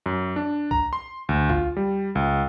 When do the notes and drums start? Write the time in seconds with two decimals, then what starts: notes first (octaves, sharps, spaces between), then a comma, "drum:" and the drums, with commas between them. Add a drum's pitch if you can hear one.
0.06 F#2
0.36 D4
0.71 A#5, drum: kick
0.93 C6
1.29 D2
1.49 F4, drum: kick
1.77 G3
2.15 C#2